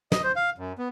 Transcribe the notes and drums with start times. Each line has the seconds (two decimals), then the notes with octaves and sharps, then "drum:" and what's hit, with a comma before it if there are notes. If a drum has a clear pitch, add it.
0.12 D#5, drum: snare
0.23 C5
0.36 F5
0.58 F#2
0.78 B3